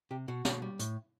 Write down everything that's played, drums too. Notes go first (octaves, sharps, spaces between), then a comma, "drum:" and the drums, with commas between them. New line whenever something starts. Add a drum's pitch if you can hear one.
C3 G4
B2 F#4
B2, drum: snare
G3
A2, drum: hi-hat